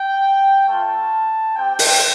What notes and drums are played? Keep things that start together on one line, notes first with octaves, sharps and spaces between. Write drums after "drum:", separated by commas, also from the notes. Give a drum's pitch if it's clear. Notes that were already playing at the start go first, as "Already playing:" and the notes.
Already playing: G5
A3 F4 A5
C4 G4 G5
drum: open hi-hat